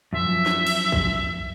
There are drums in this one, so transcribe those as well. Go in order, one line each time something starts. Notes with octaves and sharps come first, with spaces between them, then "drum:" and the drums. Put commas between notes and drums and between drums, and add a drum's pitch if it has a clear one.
F#2 F3 E5
drum: snare
drum: cymbal
drum: kick A#1